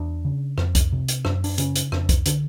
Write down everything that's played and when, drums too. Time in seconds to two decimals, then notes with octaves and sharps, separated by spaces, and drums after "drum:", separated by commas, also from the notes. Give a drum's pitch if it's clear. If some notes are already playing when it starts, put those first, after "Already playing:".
Already playing: E2 D4
0.25 C#3
0.58 F2, drum: rim click
0.75 drum: kick C2, hi-hat
0.92 C3
1.08 drum: hi-hat
1.25 F#2 D4, drum: rim click
1.44 D4, drum: open hi-hat
1.58 C#3 C#4, drum: hi-hat
1.76 drum: hi-hat
1.92 F2 D4, drum: rim click
2.09 drum: kick C2, hi-hat
2.26 D3 D4, drum: hi-hat